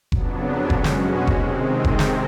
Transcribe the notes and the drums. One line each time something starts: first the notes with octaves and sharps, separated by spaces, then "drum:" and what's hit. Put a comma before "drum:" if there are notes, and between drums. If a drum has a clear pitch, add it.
F2 C#3 F#3 B3 D4, drum: kick F1
B2 G#3 C#4 F#4, drum: kick F1
drum: snare
C3 D#3 G#3 C4, drum: kick F1
drum: kick F1
drum: snare